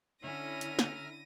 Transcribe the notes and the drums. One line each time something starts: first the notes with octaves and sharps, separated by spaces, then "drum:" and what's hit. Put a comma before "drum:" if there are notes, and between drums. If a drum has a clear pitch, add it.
D3 C#4 E4 E5 A#5 F6 A#6 D#7
drum: hi-hat
drum: snare